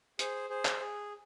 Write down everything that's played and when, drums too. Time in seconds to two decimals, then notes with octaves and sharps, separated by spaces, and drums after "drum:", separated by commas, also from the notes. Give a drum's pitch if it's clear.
0.19 G#4 C5, drum: hi-hat
0.49 G#4 C5
0.65 drum: clap
0.81 G#4